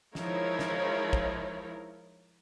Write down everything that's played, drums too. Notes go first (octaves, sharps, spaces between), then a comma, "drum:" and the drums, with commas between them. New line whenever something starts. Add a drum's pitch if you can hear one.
F3 G#3 D#4 E4 A#4 C#5, drum: snare
drum: snare
drum: kick